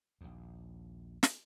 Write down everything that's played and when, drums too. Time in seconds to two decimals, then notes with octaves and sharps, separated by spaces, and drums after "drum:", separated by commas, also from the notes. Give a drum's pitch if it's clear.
0.21 A#1 D#2
1.23 drum: snare